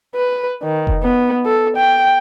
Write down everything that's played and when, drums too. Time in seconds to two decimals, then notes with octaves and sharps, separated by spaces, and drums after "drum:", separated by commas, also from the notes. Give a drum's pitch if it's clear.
0.16 B4
0.63 D#3
0.87 drum: kick F1
1.03 B3
1.46 A4
1.77 G5